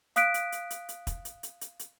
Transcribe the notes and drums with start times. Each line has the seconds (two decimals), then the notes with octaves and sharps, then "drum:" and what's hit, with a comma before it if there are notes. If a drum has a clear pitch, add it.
0.16 F5 D#6 F#6 B6 D7, drum: hi-hat
0.34 drum: hi-hat
0.52 drum: hi-hat
0.70 drum: hi-hat
0.89 drum: hi-hat
1.07 drum: kick, hi-hat
1.25 drum: hi-hat
1.43 drum: hi-hat
1.61 drum: hi-hat
1.79 drum: hi-hat